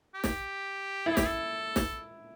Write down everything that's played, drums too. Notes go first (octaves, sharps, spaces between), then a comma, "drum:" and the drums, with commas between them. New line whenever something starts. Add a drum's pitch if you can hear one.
G4
drum: snare
E4 A4
G4, drum: snare
A4
drum: snare